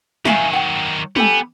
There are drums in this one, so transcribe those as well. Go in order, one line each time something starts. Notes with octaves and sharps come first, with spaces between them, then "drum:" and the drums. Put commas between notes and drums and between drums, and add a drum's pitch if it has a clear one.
D#3 F#3 E5 F5 G#5, drum: snare
F#5 G5
B3 G4 A4 G#5, drum: tom